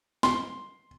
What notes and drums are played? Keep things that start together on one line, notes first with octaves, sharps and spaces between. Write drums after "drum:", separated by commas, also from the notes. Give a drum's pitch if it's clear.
C6, drum: snare